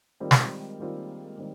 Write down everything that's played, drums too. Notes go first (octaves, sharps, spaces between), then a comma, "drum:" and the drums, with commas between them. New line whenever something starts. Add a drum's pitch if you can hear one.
D#3 G3 G#3 C4 F4
drum: snare
D#3 G3 A#3 C4 F4
D#3 G3 C4